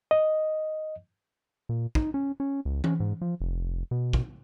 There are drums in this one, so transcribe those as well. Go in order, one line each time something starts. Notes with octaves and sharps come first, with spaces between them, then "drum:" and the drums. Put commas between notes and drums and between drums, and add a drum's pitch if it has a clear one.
D#5
A#2
D#4, drum: kick
C#4
C#4
C#2
C#4, drum: tom E3
G#2
F3
F1
B2
drum: kick